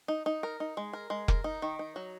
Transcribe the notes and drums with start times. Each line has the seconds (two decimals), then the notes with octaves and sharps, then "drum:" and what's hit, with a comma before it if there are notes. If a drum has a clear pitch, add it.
0.08 D#4
0.26 D#4
0.43 A#4
0.60 D#4
0.77 G#3
0.93 A#4
1.10 G#3
1.28 A#4, drum: kick F1
1.44 D#4
1.62 D#3
1.79 D#4
1.96 F#3